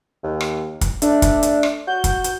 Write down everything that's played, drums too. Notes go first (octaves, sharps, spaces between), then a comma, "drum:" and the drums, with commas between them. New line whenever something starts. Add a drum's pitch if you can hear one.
D#2
drum: rim click
drum: kick, hi-hat
A3 D4, drum: hi-hat
drum: kick, hi-hat
drum: hi-hat
drum: rim click
F#4 G6
drum: kick, hi-hat
drum: hi-hat